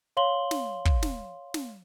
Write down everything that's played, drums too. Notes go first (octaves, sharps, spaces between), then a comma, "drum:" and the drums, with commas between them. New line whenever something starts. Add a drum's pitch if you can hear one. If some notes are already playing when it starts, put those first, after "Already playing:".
C#5 F5 C6 F#7 G7
drum: snare
drum: kick
drum: snare
drum: snare